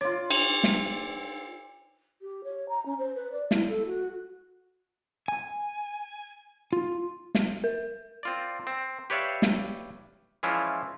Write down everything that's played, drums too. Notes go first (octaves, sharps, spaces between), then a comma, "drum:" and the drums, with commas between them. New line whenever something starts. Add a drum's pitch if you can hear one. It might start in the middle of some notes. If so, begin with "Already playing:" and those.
F4 C#5 D5
drum: cymbal
drum: snare
G4
C#5
A#5
C#4
C5
B4
D5
E4, drum: snare
A4
F#4
G#5
F4
drum: snare
A#4
C4 F4 D5
C4
G4 B4 C#5 D5 E5 F5
drum: snare
E3 F3 G#3 C#4 E4 F4